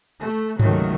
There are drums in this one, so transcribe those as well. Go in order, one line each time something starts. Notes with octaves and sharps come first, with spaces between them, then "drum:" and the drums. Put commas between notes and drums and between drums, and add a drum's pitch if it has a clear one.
A3
C#2 C3 D#3 F#3 A3, drum: tom G2